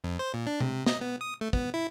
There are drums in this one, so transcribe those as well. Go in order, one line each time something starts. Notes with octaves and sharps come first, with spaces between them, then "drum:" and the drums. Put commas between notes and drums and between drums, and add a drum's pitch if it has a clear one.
F2
C5
A#2
D4
C3, drum: tom B2
D#5, drum: snare
B3
D#6
A3
B3, drum: kick
E4